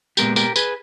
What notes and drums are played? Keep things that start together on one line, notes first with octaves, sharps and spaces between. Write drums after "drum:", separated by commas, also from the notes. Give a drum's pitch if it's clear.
A#2 G#3 B3 G4 A#4, drum: tambourine
G4 A#4, drum: tambourine
G#4 B4, drum: tambourine